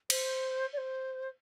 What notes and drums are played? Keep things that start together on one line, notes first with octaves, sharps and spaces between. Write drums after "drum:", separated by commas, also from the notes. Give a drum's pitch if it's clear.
C5, drum: cymbal
D5
C5